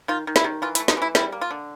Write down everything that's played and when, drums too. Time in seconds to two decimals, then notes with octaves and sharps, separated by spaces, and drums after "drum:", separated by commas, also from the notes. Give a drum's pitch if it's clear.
0.08 D#3 F4
0.27 D#3
0.36 E4, drum: snare
0.44 D#3
0.62 E3 F4
0.75 E4, drum: hi-hat
0.80 A3
0.88 D#4, drum: snare
0.97 E3 E4
1.15 G3 E4, drum: snare
1.32 A#3
1.41 F4
1.51 D3